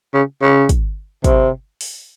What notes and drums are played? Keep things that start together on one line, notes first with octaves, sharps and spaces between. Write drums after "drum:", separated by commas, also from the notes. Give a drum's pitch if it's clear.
C#3
C#3
drum: kick, hi-hat
C3, drum: kick, hi-hat
drum: open hi-hat